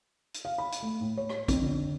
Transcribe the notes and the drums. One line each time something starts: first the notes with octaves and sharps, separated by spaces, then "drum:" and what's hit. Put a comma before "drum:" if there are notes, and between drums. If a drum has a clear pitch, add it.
drum: hi-hat
F5
B5
drum: hi-hat
A3
A2
C#5
drum: rim click
F2, drum: kick, hi-hat
D3